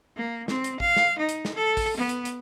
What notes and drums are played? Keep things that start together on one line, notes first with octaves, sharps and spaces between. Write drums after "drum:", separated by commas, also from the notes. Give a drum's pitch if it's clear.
A#3
C4, drum: snare
drum: hi-hat
F5, drum: kick A1
drum: snare
D#4
drum: hi-hat
drum: snare
A4
drum: kick A1, open hi-hat
B3
drum: hi-hat
drum: hi-hat